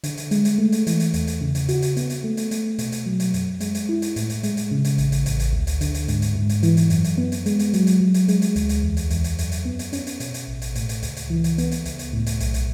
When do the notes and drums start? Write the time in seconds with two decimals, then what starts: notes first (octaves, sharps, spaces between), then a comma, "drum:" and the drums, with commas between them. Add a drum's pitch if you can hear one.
0.04 D3, drum: hi-hat
0.17 drum: hi-hat
0.31 G#3, drum: hi-hat
0.45 drum: hi-hat
0.59 A3
0.72 drum: hi-hat
0.87 E3, drum: hi-hat
1.00 drum: hi-hat
1.14 E2, drum: hi-hat
1.27 drum: hi-hat
1.41 C#3
1.55 drum: hi-hat
1.69 F#4, drum: hi-hat
1.82 drum: hi-hat
1.97 B3, drum: hi-hat
2.10 drum: hi-hat
2.24 A3
2.37 drum: hi-hat
2.51 A3, drum: hi-hat
2.79 B2, drum: hi-hat
2.92 drum: hi-hat
3.06 F#3
3.20 drum: hi-hat
3.34 F#2, drum: hi-hat
3.60 G#3, drum: hi-hat
3.75 drum: hi-hat
3.89 E4
4.02 drum: hi-hat
4.16 A2, drum: hi-hat
4.30 drum: hi-hat
4.43 G#3, drum: hi-hat
4.57 drum: hi-hat
4.71 C#3
4.85 drum: hi-hat
4.98 A1, drum: hi-hat
5.12 drum: hi-hat
5.26 A1, drum: hi-hat
5.40 drum: hi-hat
5.53 D2
5.67 drum: hi-hat
5.81 D3, drum: hi-hat
5.94 drum: hi-hat
6.08 G#2, drum: hi-hat
6.22 drum: hi-hat
6.36 G#2
6.49 drum: hi-hat
6.63 E3, drum: hi-hat
6.77 drum: hi-hat
6.90 F#2, drum: hi-hat
7.04 drum: hi-hat
7.18 B3
7.32 drum: hi-hat
7.46 G#3, drum: hi-hat
7.59 drum: hi-hat
7.73 F#3, drum: hi-hat
7.87 drum: hi-hat
8.01 F#3
8.14 drum: hi-hat
8.28 G#3, drum: hi-hat
8.42 drum: hi-hat
8.56 D2, drum: hi-hat
8.69 drum: hi-hat
8.83 E2
8.97 drum: hi-hat
9.10 E2, drum: hi-hat
9.24 drum: hi-hat
9.39 F#2, drum: hi-hat
9.52 drum: hi-hat
9.65 B3
9.79 drum: hi-hat
9.93 C#4, drum: hi-hat
10.07 drum: hi-hat
10.20 B2, drum: hi-hat
10.34 drum: hi-hat
10.48 A1
10.62 drum: hi-hat
10.75 A2, drum: hi-hat
10.89 drum: hi-hat
11.03 C#2, drum: hi-hat
11.17 drum: hi-hat
11.30 E3
11.44 drum: hi-hat
11.58 B3, drum: hi-hat
11.72 drum: hi-hat
11.85 C#2, drum: hi-hat
11.99 drum: hi-hat
12.13 A2
12.26 drum: hi-hat
12.40 B1, drum: hi-hat
12.54 drum: hi-hat